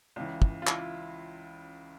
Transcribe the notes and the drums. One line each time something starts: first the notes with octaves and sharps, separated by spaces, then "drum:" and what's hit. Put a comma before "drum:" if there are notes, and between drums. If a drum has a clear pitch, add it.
C#2 C#3 E3
drum: kick
F4
E4, drum: clap